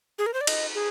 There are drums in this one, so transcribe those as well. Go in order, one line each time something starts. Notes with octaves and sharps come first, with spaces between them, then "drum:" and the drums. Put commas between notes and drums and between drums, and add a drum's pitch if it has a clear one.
G#4
A#4
C5
D5
D#5, drum: cymbal
G#4